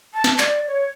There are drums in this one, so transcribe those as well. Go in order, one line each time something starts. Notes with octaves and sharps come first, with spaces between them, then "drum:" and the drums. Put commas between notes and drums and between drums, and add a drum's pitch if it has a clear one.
A5
drum: snare
D5, drum: clap
C#5